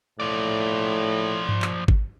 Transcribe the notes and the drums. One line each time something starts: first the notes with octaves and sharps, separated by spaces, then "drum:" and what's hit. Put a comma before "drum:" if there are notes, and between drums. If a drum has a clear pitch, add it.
A2 F3 D5
drum: tom G2
drum: clap
drum: kick